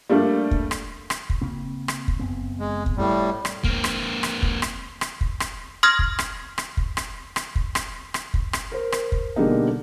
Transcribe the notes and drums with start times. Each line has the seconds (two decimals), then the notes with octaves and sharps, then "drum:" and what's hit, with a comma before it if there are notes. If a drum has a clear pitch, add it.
0.10 G3 A3 A#3 D4
0.51 drum: kick
0.71 drum: rim click
1.10 drum: rim click
1.30 drum: kick
1.42 C#3 A#3 C4
1.88 drum: rim click
2.08 drum: kick
2.20 F#1 B3 C4
2.60 G#3
2.86 drum: kick
2.97 A2 G3
3.45 drum: rim click
3.64 A#3 C4, drum: kick
3.84 drum: rim click
4.23 drum: rim click
4.43 drum: kick
4.62 drum: rim click
5.01 drum: rim click
5.21 drum: kick
5.40 drum: rim click
5.83 C6 D#6 F6 G#6 A#6
5.99 drum: kick
6.19 drum: rim click
6.58 drum: rim click
6.77 drum: kick
6.97 drum: rim click
7.36 drum: rim click
7.55 drum: kick
7.75 drum: rim click
8.14 drum: rim click
8.34 drum: kick
8.53 drum: rim click
8.71 A#4 C5
8.92 drum: rim click
9.12 drum: kick
9.36 B2 D3 G3 G#3 A#3 D#4